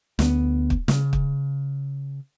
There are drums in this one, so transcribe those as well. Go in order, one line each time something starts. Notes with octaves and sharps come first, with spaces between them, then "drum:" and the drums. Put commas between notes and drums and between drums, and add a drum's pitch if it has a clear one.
D2 B3, drum: snare
drum: kick
C#3, drum: snare
drum: kick